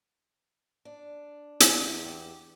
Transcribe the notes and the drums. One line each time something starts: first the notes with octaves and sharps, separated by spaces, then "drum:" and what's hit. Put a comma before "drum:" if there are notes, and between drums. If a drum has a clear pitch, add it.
D4
E2, drum: hi-hat
G4